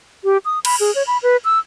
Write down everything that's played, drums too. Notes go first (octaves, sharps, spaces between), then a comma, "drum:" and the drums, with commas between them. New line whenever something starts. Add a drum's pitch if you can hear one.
G4
D#6
B5, drum: cymbal
G#4
C#5
B5
B4
E6